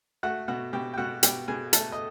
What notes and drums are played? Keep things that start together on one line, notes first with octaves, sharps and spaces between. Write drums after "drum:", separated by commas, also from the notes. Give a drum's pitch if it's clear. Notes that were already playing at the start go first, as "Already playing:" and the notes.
A3 F#4 F#5
B2 F#4 F#5
B2 G4 G5
G5
B2 F#4 F#5
B2 G4 G5, drum: hi-hat
B2 G#4 G#5
A3 A4 A5, drum: hi-hat
D#5